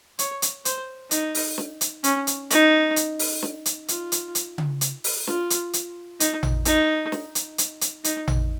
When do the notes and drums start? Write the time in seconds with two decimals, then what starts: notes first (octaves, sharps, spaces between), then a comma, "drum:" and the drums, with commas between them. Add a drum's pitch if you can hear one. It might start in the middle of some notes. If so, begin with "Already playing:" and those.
0.19 C#5, drum: hi-hat
0.42 drum: hi-hat
0.65 C5, drum: hi-hat
1.11 D#4, drum: hi-hat
1.35 drum: open hi-hat
1.58 drum: snare
1.81 drum: hi-hat
2.04 C#4, drum: hi-hat
2.27 drum: hi-hat
2.50 D#4, drum: hi-hat
2.96 drum: hi-hat
3.19 drum: open hi-hat
3.42 drum: snare
3.66 drum: hi-hat
3.88 F4, drum: hi-hat
4.12 drum: hi-hat
4.35 drum: hi-hat
4.58 drum: tom C#3
4.81 drum: hi-hat
5.04 drum: open hi-hat
5.27 F4, drum: snare
5.50 drum: hi-hat
5.73 drum: hi-hat
6.20 D#4, drum: hi-hat
6.43 drum: tom A1
6.65 D#4, drum: hi-hat
7.12 drum: snare
7.35 drum: hi-hat
7.58 drum: hi-hat
7.81 drum: hi-hat
8.04 D#4, drum: hi-hat
8.28 drum: tom A1